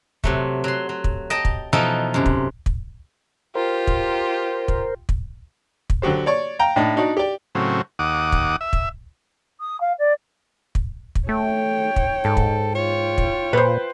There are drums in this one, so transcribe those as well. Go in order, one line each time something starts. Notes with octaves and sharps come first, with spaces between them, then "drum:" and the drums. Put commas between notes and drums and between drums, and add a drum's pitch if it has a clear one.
C3 F#3 A3, drum: kick
F#3 C6
F#3
drum: kick
D#5 G5 A5 A#5
drum: kick
B2 E3 F3 D#4 A4 G5
F#2 C3
drum: kick
drum: kick
F4 G4 A#4 C5
drum: kick
drum: kick
drum: kick
drum: kick
D3 F#3 F#4 G4 C5
C#5 D5 C#6
F5 G5 A#5
A2 D4 D#4
D4 D#4 F#4 D5
G4 D5
A2 C#3 F#3 C4
D#2 F#5 D6 D#6
drum: kick
E5
drum: kick
D#6
F5
D5
drum: kick
drum: kick
A3 C#5 G5
drum: kick
G#2 A4
drum: kick
F4 C#5 G5
drum: kick
A#2 B4 C5